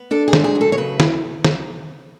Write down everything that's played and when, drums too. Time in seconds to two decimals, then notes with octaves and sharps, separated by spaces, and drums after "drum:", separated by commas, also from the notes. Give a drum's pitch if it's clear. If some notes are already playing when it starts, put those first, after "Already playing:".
Already playing: B3
0.11 D4 A4
0.28 G#4
0.33 G#2, drum: snare
0.44 G#4
0.55 F#3
0.61 A4
0.72 C#5
0.77 C#3 B4
1.00 E3, drum: snare
1.44 drum: snare